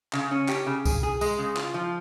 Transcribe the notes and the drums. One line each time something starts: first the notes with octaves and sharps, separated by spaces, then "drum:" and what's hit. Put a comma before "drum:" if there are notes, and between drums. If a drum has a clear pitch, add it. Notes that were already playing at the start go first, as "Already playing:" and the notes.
C#3, drum: clap
C#4
G4, drum: clap
C#3
G#4, drum: kick C2, tambourine
G#4
G#3, drum: tambourine
C#3
F4, drum: clap
F3